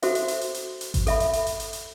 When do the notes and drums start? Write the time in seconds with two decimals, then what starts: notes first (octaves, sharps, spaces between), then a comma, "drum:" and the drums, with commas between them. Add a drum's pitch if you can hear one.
0.03 F#4 A4 C5 E5, drum: hi-hat
0.15 drum: hi-hat
0.28 drum: hi-hat
0.41 drum: hi-hat
0.55 drum: hi-hat
0.81 drum: hi-hat
0.94 drum: kick G#1, hi-hat
1.07 A4 E5 B5, drum: hi-hat
1.20 drum: hi-hat
1.33 drum: hi-hat
1.47 drum: hi-hat
1.60 drum: hi-hat
1.73 drum: hi-hat